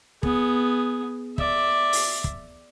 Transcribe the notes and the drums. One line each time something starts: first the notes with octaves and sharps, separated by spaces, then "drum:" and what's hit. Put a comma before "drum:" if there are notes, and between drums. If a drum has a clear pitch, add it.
B3 G#4, drum: kick
D5 E5, drum: kick
drum: open hi-hat
drum: kick